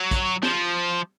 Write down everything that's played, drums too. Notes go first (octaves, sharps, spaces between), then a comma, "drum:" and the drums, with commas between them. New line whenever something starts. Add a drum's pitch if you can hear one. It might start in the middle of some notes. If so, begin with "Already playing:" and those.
Already playing: F#3
drum: kick, hi-hat
F3, drum: snare